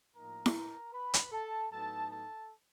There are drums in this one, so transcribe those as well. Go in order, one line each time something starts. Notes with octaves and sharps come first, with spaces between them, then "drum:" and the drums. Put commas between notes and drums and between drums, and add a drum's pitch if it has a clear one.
A2 F3 A#3 D#4 A#4 A#5
drum: snare E4
B4 B5
drum: hi-hat
A4 A5
A2 F#3 B3 D#4 A4 A5
A4 A5